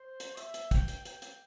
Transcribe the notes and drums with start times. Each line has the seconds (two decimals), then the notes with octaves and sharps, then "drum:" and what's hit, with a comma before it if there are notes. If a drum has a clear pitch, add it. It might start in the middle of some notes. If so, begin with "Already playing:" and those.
Already playing: C5
0.20 drum: hi-hat
0.37 E5, drum: hi-hat
0.54 drum: hi-hat
0.71 G5, drum: kick, hi-hat
0.88 drum: hi-hat
1.05 G5, drum: hi-hat
1.22 drum: hi-hat